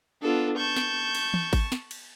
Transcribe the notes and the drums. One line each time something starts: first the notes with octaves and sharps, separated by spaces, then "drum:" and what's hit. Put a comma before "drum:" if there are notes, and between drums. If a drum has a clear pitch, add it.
B3 D4 F4 A4
A5 C#6 G6
drum: snare
drum: cymbal
drum: tom
drum: kick G#1, cymbal
drum: snare
drum: cymbal